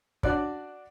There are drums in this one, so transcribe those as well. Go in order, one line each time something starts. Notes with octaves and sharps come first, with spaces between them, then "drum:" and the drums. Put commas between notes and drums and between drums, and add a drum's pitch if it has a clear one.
D4 F#4 D5 F#6, drum: kick